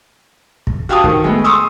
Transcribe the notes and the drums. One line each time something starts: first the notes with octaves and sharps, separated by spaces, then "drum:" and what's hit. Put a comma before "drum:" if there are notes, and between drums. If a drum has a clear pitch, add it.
drum: kick
F#4 G4 F5 G5 A5 D#6
D#3, drum: kick
G#3 A3 B3
C6 C#6 D#6 E6